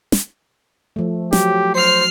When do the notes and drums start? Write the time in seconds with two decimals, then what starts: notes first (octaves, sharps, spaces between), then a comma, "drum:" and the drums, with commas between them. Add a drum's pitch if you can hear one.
0.12 drum: snare
0.96 F3 A3
1.33 F#3 G4, drum: snare
1.75 C5 F6 C7